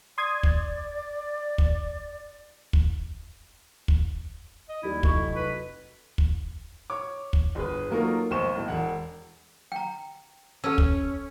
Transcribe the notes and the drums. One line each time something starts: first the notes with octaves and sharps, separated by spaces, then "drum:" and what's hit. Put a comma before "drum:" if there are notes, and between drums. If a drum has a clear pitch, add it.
D5 C6 D#6 G#6
drum: kick
drum: kick
drum: kick
drum: kick
D#5
D#2 G3 E4
F1 F#3 C#6, drum: kick
B4
drum: kick
C#5 D6
drum: kick
G1 G#4 B4
F#3 A3 A#3 D#4 F4 A#4
F1 B1 C5 C#6 E7
B1 A2
E1 F#5
G5 A#5
C#4 A4 A5 E6
drum: kick